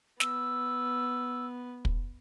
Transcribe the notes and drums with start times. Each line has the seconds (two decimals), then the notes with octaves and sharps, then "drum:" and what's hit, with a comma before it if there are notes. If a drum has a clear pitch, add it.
0.20 B3 E6, drum: snare
1.85 drum: kick